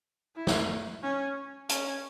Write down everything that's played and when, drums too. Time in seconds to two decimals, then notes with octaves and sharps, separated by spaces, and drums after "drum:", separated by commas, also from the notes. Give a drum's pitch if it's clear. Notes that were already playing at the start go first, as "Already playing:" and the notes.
0.36 E4
0.47 drum: snare
1.03 C#4
1.69 C#4, drum: hi-hat